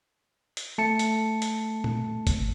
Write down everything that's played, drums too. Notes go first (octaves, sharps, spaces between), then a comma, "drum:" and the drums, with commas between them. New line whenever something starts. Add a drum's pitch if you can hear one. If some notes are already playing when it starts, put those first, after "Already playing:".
drum: hi-hat
A3 A5 C#7
drum: hi-hat
drum: hi-hat
drum: tom
drum: kick F#1, hi-hat